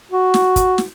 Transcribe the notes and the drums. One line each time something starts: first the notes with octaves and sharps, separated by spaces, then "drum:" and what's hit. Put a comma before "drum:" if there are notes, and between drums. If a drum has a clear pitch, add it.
F#4
drum: snare
drum: kick, hi-hat
drum: snare